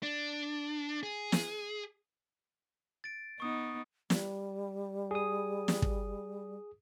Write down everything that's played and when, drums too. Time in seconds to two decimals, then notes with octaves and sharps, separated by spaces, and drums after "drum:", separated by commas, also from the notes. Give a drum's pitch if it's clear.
0.03 D4
1.03 G#4
1.32 drum: snare
3.04 A6 D7
3.40 B3 D#4 C#6 D#6
4.10 G3, drum: snare
5.11 G#4 D#6
5.68 drum: snare
5.82 drum: kick